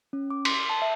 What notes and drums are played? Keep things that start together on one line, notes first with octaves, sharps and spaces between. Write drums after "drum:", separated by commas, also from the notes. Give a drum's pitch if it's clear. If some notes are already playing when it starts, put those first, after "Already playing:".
C#4
D6
C6, drum: cymbal
A5
E5